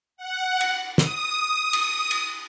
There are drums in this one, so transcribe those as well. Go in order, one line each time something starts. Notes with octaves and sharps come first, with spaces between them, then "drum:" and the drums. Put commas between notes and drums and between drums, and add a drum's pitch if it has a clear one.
F#5
drum: cymbal
D#6, drum: snare
drum: cymbal
drum: cymbal